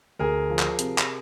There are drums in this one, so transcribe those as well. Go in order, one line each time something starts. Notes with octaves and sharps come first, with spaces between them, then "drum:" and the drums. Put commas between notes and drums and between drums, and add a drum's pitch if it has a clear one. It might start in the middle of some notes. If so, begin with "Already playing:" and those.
D2 G#4 A#4
F3
drum: clap
C3, drum: hi-hat
drum: clap